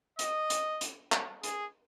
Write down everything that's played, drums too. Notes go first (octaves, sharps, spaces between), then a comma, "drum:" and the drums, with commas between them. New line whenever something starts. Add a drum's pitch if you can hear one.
D#5, drum: hi-hat
drum: hi-hat
drum: hi-hat
drum: clap
G#4, drum: hi-hat